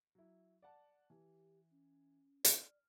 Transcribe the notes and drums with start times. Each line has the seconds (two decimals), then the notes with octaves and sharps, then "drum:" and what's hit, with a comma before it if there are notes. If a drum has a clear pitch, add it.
0.15 F#3 E4
0.62 D5 F#5 A5
1.10 E3 G4
1.71 C#4
2.45 D5 F6, drum: hi-hat